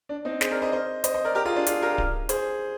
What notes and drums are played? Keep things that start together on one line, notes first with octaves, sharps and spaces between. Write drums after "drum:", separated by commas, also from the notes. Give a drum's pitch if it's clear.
D4
C4 D#4
G#4 C5, drum: snare
A#4 D5
C5 D#5
C5 D#5
C5 D#5, drum: hi-hat
C5 D#5
A#4 D5
G4 A#4
F4 G#4
D4 F4
F4 G#4, drum: hi-hat
G4 A#4
drum: kick D1
G#4 C5, drum: hi-hat